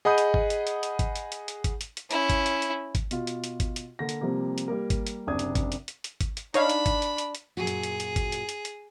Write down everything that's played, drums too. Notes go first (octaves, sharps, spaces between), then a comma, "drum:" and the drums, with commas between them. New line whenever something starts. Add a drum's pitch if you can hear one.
G#4 D#5 F#5 B5 D#6 G6
drum: hi-hat
drum: kick G#1
drum: hi-hat
drum: hi-hat
drum: hi-hat
drum: kick G#1, hi-hat
drum: hi-hat
drum: hi-hat
drum: hi-hat
drum: kick G#1, hi-hat
drum: hi-hat
drum: hi-hat
C#4 E4, drum: hi-hat
drum: kick G#1, hi-hat
drum: hi-hat
drum: hi-hat
drum: kick G#1, hi-hat
B2 F4, drum: hi-hat
drum: hi-hat
drum: hi-hat
drum: kick G#1, hi-hat
drum: hi-hat
D3 A#3 A#6
drum: hi-hat
C3 F3 G3 A#3
drum: hi-hat
G3 A#3 A#4
drum: kick G#1, hi-hat
drum: hi-hat
F#1 C3 D4 D#6 G#6
drum: hi-hat
drum: kick G#1, hi-hat
drum: hi-hat
drum: hi-hat
drum: hi-hat
drum: kick G#1, hi-hat
drum: hi-hat
D4 D#4 C#5 F5 B5, drum: hi-hat
drum: hi-hat
drum: kick G#1, hi-hat
drum: hi-hat
drum: hi-hat
drum: hi-hat
F#2 A#2 F#4 G#4
drum: hi-hat
drum: hi-hat
drum: hi-hat
drum: kick G#1, hi-hat
drum: hi-hat
drum: hi-hat
drum: hi-hat